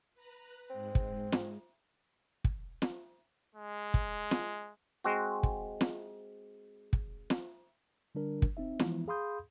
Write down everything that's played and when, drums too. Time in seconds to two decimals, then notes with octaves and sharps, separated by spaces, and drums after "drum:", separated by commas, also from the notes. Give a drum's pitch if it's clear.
0.14 B4 A#5 F#6
0.70 G#2 G#3 C4
0.95 drum: kick
1.32 drum: snare
2.44 drum: kick
2.82 drum: snare
3.55 G#3
3.94 drum: kick
4.31 drum: snare
5.04 G#3 C4 F#4
5.43 drum: kick
5.81 drum: snare
6.93 drum: kick
7.30 drum: snare
8.15 D3 G3 D4 A#4
8.42 drum: kick
8.57 C4 D#4 E5
8.79 E3 F3 G#3 B3 E4, drum: snare
9.08 G#4 F5 B5 C6 D#6 G6